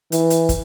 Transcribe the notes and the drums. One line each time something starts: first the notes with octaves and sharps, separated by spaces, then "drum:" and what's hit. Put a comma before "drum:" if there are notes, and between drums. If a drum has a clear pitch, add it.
E3, drum: hi-hat
drum: hi-hat
drum: kick, hi-hat